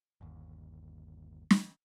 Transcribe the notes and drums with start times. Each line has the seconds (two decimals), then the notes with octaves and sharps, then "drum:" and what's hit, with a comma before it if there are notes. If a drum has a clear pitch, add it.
0.21 G1 D#2
1.51 drum: snare